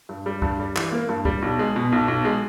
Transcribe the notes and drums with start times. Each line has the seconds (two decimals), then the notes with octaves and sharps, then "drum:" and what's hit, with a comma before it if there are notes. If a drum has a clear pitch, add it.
0.09 G2
0.26 G3
0.42 G2, drum: kick C#2
0.60 G3
0.76 E3, drum: clap
0.92 A#3
1.09 G2
1.25 G3, drum: kick C#2
1.42 B1
1.59 G#3
1.76 B2
1.92 B1
2.08 B1
2.25 G#3